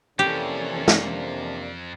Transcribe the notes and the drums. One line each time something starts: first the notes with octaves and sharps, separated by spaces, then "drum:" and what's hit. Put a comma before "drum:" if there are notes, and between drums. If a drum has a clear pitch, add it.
F2 C3 E3 A#3 C#4 D4 G4 A4
drum: snare